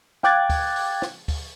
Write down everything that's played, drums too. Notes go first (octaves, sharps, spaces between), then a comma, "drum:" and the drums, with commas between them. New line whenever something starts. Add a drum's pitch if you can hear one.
F5 G5 D6 F#6 G#6 A6, drum: snare
drum: kick D2, open hi-hat
drum: open hi-hat
drum: snare
drum: kick D2, open hi-hat